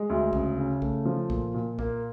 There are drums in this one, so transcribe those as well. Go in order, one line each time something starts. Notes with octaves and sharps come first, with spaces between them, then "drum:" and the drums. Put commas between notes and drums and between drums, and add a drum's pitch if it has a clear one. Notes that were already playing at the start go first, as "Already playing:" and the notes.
Already playing: G#3
D2
C#3, drum: kick
C#3
A3, drum: kick
F3
A#2, drum: kick
A#2
A#3, drum: kick